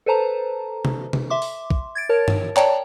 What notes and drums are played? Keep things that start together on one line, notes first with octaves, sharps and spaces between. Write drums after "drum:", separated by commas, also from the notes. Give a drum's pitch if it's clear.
A4 B4 C5 A5 A#5
drum: tom
drum: tom
E5 C6 D6
drum: open hi-hat
drum: kick
G#6 A6 D7
A#4 C#5 A5
drum: tom G2
C#5 D5 G5 A5 A#5, drum: clap